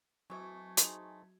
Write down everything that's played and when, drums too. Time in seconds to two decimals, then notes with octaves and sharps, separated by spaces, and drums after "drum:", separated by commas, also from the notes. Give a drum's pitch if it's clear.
0.30 E3 F#3 A3 F#4 C#6 G#6
0.77 D#4 G#4 C5, drum: hi-hat